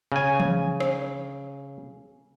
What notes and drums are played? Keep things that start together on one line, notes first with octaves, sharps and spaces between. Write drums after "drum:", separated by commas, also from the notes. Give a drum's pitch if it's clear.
C#3 G#5
drum: tom E3
drum: rim click